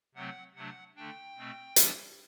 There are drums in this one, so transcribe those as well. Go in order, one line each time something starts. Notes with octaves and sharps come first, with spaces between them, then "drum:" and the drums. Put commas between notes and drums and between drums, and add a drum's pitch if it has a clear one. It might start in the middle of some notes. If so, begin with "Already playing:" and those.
C3 F#3 A3 C4 F#5
C3 F#3 A3 D4 F#5
D3 A3 D4 G5
B2 A3 C4
E3 G3 B3 D4, drum: hi-hat